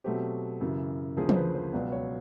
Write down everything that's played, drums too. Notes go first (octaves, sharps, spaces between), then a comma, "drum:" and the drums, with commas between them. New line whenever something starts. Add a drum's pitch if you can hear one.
B2 F#3 A3 C4 G4
F#2 C#3 E3
D2 C#3 F3 A#3 G#4
C5, drum: tom E3
B4
C5
C#2 B2 F#3 B3 D5
C#5